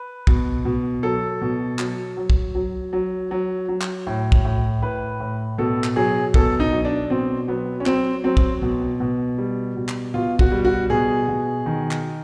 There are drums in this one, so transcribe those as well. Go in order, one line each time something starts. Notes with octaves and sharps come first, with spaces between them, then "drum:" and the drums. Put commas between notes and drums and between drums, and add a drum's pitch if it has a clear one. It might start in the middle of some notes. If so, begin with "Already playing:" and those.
Already playing: B4
B2, drum: kick
B2
F#3 A4
B2
F#3, drum: clap
F#3
drum: kick
F#3
F#3
F#3
F#3
drum: clap
A2
drum: kick
A2
A2 B4
A2
B2 A4
drum: clap
F#3 G#4
B2 A4, drum: kick
D#4
F#3
D4
B2 C4
F#3 B3
C#4
F#3 C4, drum: clap
F#3 C4
drum: kick
B2
B2
G3
B2
drum: clap
B2 F4
F#4, drum: kick
G3
F#4
B2 G#4
B2
D#3
drum: clap